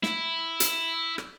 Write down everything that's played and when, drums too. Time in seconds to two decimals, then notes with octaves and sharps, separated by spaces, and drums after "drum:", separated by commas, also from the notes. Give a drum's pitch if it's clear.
0.03 E4, drum: snare
0.60 drum: hi-hat
1.18 drum: rim click